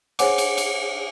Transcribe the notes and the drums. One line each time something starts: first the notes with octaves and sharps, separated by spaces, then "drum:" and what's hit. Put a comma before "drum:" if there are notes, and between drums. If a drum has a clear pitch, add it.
G#4 C5 C#5 F#5 G#5 D6, drum: cymbal
drum: cymbal
drum: cymbal